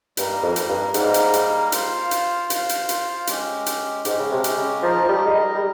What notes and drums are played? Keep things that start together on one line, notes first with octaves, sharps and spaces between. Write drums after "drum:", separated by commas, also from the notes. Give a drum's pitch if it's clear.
G2 G3 A#3 D#4 A#4, drum: hi-hat
F2
drum: hi-hat
G2
G#2 G3 A#3 D#4 A#4, drum: hi-hat
drum: hi-hat
drum: hi-hat
F4 C5 F5, drum: hi-hat
drum: hi-hat
F4 C5 F5, drum: hi-hat
drum: hi-hat
drum: hi-hat
G#3 C#4 G4, drum: hi-hat
drum: hi-hat
G#2 G#3 C#4 G4, drum: hi-hat
C#3
C3
drum: hi-hat
C#3
F3 D#4 A#4 D#5
F3
G3
G#3
G3
G3